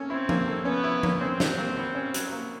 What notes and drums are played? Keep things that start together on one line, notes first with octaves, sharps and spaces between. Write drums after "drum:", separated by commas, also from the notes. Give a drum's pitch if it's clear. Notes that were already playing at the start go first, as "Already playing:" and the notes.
Already playing: A#3 C#4 A4
C4 E4
A#3, drum: tom F3
A4
B3 C#4
E4
A#3, drum: tom F3
C4 C#4
F#3, drum: snare
A#3
B2
C#4
F#3, drum: hi-hat
A#3